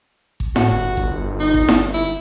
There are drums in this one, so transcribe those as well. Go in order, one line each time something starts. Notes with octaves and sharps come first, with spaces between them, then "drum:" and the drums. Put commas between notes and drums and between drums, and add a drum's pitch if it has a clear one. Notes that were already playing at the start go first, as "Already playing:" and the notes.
drum: kick G#1
A2 F#4, drum: snare E4
G1
drum: kick G#1
D#4
drum: kick G#1
drum: snare E4
E4